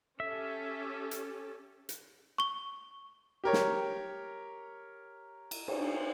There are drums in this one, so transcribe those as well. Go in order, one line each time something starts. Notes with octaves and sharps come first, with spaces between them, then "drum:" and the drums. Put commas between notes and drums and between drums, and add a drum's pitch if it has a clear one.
C#4 G4 A4 E5
drum: hi-hat
drum: hi-hat
C#6 G7
G4 A#4 C#5
drum: snare
drum: cymbal
drum: cymbal